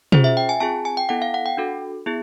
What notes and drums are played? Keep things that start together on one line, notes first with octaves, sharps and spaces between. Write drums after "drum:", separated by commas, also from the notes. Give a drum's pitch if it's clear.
C#4 F4 G#4 C5, drum: tom
E5
G5
G#5
C4 F4 G#4 A5
G#5
G5
B3 E4 A4 F#5
F5
F#5
G5
D4 F#4 A4
B3 E4 G#4